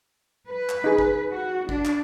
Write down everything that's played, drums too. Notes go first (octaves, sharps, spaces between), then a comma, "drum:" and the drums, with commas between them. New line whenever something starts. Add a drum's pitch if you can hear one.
B4
drum: clap
D#4 G#4
drum: kick
F#4
D4, drum: kick
drum: clap